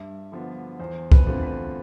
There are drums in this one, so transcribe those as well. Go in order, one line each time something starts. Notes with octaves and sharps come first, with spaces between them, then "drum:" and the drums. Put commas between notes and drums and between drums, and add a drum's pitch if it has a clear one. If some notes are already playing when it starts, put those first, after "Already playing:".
Already playing: G2 E5
D3 F3 B3
E2 C5
B4, drum: kick
D3 A3 C4 F4
B4